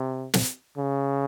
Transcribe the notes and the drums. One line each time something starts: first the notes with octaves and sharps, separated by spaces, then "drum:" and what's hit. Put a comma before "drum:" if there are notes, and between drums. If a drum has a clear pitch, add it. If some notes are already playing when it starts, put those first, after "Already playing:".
Already playing: C3
drum: snare
C#3